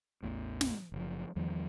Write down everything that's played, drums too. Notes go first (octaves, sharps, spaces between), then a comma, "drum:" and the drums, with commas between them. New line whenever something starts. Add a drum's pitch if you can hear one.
A1 E2 A2
drum: snare
F#1 F3
E2 D#3 F3 G3